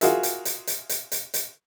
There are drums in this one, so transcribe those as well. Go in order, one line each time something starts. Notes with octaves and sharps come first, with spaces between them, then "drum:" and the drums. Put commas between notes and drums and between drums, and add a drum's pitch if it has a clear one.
F4 F#4 G#4 A#4 E5, drum: hi-hat
drum: hi-hat
drum: hi-hat
drum: hi-hat
drum: hi-hat
drum: hi-hat
drum: hi-hat